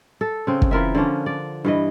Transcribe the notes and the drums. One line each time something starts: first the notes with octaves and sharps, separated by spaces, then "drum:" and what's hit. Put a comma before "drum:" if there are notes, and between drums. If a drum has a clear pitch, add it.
A4
C#3 C4
drum: kick
E3 F4 A#4 E5
D3 F3 C#4 D4
D5
G2 E3 D#5